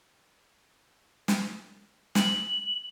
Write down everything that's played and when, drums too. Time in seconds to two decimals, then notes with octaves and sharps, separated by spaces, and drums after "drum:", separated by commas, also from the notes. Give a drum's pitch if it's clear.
1.28 drum: snare
2.15 F#7, drum: snare